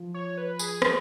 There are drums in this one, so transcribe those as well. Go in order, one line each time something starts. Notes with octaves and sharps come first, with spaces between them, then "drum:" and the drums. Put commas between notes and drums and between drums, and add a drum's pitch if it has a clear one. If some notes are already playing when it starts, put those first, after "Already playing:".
Already playing: F3
C#5
B4
G#4, drum: tambourine
drum: rim click